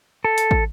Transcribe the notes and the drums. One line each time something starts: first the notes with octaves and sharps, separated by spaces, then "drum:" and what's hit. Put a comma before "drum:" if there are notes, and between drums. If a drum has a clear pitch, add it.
A4
drum: hi-hat
drum: kick